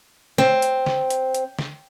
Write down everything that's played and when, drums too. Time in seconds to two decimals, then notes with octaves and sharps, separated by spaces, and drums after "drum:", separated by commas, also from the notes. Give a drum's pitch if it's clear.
0.38 C4, drum: snare
0.62 drum: hi-hat
0.86 drum: snare
1.10 drum: hi-hat
1.35 drum: hi-hat
1.59 drum: snare